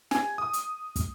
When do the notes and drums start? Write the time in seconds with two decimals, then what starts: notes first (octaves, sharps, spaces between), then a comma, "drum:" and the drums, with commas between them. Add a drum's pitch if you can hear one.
0.11 G#5, drum: snare
0.38 D#6
0.53 drum: hi-hat
0.96 drum: kick, hi-hat